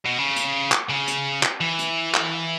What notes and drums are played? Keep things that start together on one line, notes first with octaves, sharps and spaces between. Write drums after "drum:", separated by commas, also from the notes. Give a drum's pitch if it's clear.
B2
C#3
drum: hi-hat
drum: clap
C#3
drum: hi-hat
drum: clap
E3
drum: hi-hat
drum: clap